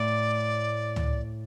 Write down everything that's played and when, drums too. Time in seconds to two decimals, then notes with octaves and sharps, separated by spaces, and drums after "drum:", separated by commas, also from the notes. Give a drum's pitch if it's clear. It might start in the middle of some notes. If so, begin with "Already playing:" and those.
Already playing: A2 D5
0.96 drum: tom C#2